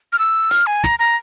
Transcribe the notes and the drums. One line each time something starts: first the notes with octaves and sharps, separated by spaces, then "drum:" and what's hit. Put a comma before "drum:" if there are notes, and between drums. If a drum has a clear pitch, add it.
F6
E6
F6, drum: hi-hat
G#5
A#5, drum: snare
A#5